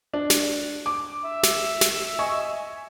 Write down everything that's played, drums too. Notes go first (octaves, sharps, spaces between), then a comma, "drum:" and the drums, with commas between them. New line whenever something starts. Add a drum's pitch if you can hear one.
D4
drum: snare
D6
E5
drum: snare
drum: snare
D#5 G#5 C#6